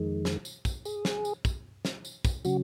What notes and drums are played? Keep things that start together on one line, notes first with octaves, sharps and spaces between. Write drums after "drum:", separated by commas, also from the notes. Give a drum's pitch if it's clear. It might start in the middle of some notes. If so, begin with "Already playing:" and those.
Already playing: F2 D#3 G#3
drum: snare
drum: tambourine
drum: kick, tambourine
G#4, drum: tambourine
drum: snare
drum: tambourine
drum: kick, tambourine
drum: snare
drum: tambourine
drum: kick, tambourine
C#3 F#3 F#4, drum: tambourine